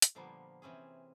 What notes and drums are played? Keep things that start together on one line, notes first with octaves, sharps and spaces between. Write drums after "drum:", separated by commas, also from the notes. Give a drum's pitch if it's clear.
drum: hi-hat
A#2 D3 F3 G3 A#3 B3
C3 E3 C4 C#4 G#4